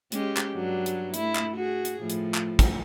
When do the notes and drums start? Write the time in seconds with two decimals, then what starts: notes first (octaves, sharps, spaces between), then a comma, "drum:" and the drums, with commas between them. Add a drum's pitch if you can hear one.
0.12 G#3 C#4 G4, drum: hi-hat
0.37 drum: clap
0.54 G2 F#3 D4
0.86 drum: hi-hat
1.14 A3 E4, drum: hi-hat
1.35 drum: clap
1.57 F#4 G#4
1.85 drum: hi-hat
2.00 A2 F3
2.10 drum: hi-hat
2.34 drum: clap
2.59 drum: kick, hi-hat